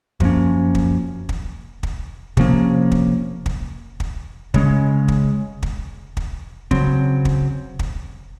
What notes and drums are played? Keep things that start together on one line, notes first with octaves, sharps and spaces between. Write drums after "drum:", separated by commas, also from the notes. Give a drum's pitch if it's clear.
F#2 F3 A#3 C#4, drum: kick
drum: kick
drum: kick
drum: kick
C3 F3 A#3 C#4, drum: kick
drum: kick
drum: kick
drum: kick
C#3 G#3 C#4, drum: kick
drum: kick
drum: kick
drum: kick
C#3 F#3 C4, drum: kick
drum: kick
drum: kick